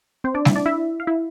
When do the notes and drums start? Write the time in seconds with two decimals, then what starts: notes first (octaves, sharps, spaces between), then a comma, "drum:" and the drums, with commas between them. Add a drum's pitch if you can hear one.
0.24 C4 C5
0.34 D4 D5
0.45 E4 E5, drum: snare G3
0.56 D4 D5
0.66 E4 E5
1.00 F5
1.07 E4 E5